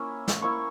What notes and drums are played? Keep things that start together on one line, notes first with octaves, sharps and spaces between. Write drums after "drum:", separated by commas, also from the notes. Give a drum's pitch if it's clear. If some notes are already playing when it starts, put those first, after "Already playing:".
Already playing: A#3 C#4 E4
drum: snare
A#3 E4 C#6